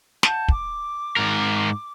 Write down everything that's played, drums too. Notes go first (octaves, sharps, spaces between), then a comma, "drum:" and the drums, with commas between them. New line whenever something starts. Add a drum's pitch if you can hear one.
F#5 A5 G6, drum: snare
D6, drum: kick
G#2 A#4